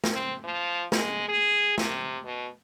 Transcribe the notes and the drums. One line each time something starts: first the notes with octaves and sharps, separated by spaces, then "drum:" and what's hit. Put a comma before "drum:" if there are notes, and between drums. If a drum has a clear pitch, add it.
drum: snare
C4
F3
G#3, drum: snare
G#4
C3, drum: snare
B2